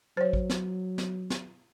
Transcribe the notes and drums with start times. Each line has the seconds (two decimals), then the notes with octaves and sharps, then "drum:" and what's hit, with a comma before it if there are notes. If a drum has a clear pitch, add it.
0.17 F#3 C5 C#5
0.33 drum: kick A1
0.50 drum: snare
0.98 drum: snare
1.30 drum: snare